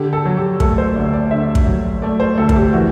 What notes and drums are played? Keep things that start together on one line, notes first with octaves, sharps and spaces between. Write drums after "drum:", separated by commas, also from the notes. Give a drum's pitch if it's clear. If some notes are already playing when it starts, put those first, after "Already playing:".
Already playing: D3 G4
A4
F#3
G4
A3 A4, drum: kick
C5
D2 D5
D5
D3 E5
drum: kick
F#3
A3 D5
C5
D2 A4
A4, drum: kick
G4
E3 F#4